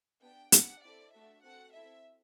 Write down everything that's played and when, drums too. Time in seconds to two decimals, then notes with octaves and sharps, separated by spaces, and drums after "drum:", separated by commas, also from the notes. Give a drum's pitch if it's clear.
0.22 B3 D4 G4 G5
0.52 D4 G4 F#5, drum: hi-hat
0.83 C4 E4 A4 D5
1.13 A3 D4 F#4 A4 E5
1.44 C4 F#4 A4 F#5
1.73 C4 E4 A4 E5